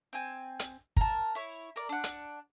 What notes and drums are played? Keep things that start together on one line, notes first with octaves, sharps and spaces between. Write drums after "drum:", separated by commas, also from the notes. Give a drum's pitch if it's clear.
C4 G#5
drum: hi-hat
A#4 A5, drum: kick
E4 C#5
A#4 D5
D4 F#5
drum: hi-hat